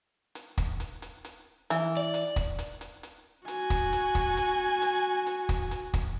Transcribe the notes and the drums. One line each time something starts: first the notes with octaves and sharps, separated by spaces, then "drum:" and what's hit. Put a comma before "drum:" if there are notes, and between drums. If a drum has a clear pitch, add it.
drum: hi-hat
drum: kick, hi-hat
drum: hi-hat
drum: hi-hat
drum: hi-hat
E3, drum: hi-hat
D5
drum: hi-hat
drum: kick, hi-hat
drum: hi-hat
drum: hi-hat
drum: hi-hat
F#4 G#5, drum: hi-hat
drum: kick, hi-hat
drum: hi-hat
drum: kick, hi-hat
drum: hi-hat
drum: hi-hat
drum: hi-hat
drum: kick, hi-hat
drum: hi-hat
drum: kick, hi-hat